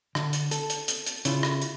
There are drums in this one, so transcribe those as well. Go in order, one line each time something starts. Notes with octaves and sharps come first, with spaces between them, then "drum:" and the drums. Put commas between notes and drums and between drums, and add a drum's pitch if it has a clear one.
D3, drum: rim click
drum: hi-hat
A4, drum: hi-hat
drum: hi-hat
drum: hi-hat
drum: hi-hat
C#3 E4 F4, drum: hi-hat
drum: rim click
drum: hi-hat